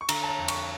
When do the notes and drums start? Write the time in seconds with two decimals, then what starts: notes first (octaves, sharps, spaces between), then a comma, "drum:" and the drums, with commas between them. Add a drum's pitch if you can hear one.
0.01 C#6
0.09 D3 A#5, drum: cymbal
0.23 A5
0.28 A#5
0.38 F2
0.48 C#6, drum: cymbal